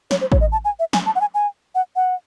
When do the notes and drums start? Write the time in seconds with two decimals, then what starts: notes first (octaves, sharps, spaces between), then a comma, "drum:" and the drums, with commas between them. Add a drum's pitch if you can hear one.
0.11 C#5, drum: snare
0.21 C5
0.32 C#5, drum: kick A1
0.41 D#5
0.52 A5
0.65 G#5
0.80 E5
0.93 G#5, drum: snare
1.06 A5
1.15 F#5
1.21 G#5
1.34 G#5
1.75 F#5
1.96 F#5